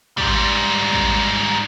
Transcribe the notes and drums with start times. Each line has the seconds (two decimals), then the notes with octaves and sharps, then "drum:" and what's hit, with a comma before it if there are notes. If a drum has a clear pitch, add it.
0.18 G#2 G3, drum: kick
0.93 drum: kick